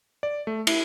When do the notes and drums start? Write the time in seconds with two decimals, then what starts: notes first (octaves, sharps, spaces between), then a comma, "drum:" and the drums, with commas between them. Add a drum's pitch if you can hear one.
0.23 D5
0.47 A3
0.67 E4, drum: cymbal